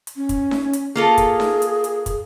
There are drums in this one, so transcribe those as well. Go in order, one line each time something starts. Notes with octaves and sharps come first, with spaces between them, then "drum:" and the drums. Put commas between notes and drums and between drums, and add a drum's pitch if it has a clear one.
drum: hi-hat
C#4
drum: kick, hi-hat
drum: snare D#4
drum: hi-hat
A#3 F4 G#4 A4
drum: kick, hi-hat
drum: snare D#4
drum: hi-hat
drum: hi-hat
drum: kick, hi-hat